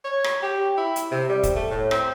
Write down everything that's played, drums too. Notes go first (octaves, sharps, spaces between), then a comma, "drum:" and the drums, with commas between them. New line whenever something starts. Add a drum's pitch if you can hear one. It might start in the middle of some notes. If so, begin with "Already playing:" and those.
C#5
drum: rim click
G4
E4
drum: hi-hat
C3
G3
drum: kick, hi-hat
A3
A2
C4, drum: rim click